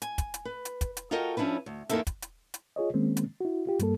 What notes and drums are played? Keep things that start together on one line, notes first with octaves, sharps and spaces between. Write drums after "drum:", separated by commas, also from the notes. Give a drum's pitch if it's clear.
G#5, drum: hi-hat
drum: kick, hi-hat
drum: hi-hat
B4
drum: hi-hat
drum: kick, hi-hat
drum: hi-hat
F4 F#4 A4 A#4 D#5 G5
F3 C#4 D4 E4 B4
D2
E2 A#2 A#3 D#4 A4 E5, drum: hi-hat
drum: kick, hi-hat
drum: hi-hat
drum: hi-hat
F4 G#4 C#5 D#5
D#3 G#3 A#3 C4 C#4
drum: hi-hat
E4 F#4
F4 G4
G2 G3 A#3 A4, drum: hi-hat